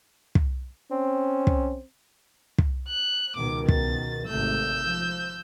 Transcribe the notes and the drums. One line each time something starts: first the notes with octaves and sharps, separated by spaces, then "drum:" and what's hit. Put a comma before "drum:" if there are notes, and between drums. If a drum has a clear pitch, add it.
drum: kick
C4 C#4
drum: kick
drum: kick
F#6
C#2 B2 D#3 D6
A6, drum: kick
G#1 C3 A3 E6 G6
F3